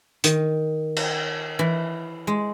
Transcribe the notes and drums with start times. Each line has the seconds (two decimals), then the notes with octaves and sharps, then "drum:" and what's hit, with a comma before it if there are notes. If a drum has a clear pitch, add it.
0.24 D#3, drum: hi-hat
0.96 drum: cymbal
1.59 E3
2.27 G#3